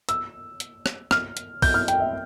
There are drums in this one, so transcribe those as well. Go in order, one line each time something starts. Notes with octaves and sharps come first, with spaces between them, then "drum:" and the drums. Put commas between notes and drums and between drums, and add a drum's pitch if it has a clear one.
E6, drum: hi-hat
drum: hi-hat
drum: rim click
F6, drum: rim click
drum: hi-hat
G6, drum: kick A#1, open hi-hat
F6
G5, drum: hi-hat
E5